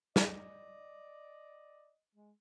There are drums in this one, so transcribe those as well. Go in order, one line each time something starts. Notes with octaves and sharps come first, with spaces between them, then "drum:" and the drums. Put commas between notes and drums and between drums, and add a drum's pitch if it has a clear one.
D5 D#5, drum: snare
G#3